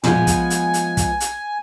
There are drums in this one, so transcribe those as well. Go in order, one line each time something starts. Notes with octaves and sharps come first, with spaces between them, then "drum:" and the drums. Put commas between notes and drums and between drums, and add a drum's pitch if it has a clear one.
F3 G#3 B3 G#5, drum: tom
drum: kick, hi-hat
drum: hi-hat
drum: hi-hat
drum: kick, hi-hat
drum: hi-hat